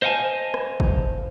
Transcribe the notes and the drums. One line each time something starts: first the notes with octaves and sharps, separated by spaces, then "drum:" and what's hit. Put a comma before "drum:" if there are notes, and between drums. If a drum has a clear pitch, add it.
C5 D#5 F5 F#5 G#5 A5
drum: rim click
drum: kick